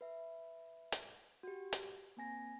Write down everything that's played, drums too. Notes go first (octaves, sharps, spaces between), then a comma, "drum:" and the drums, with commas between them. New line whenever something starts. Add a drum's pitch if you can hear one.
B4 E5
drum: hi-hat
F#4 G4
drum: hi-hat
A#3 C4 G#5 A#6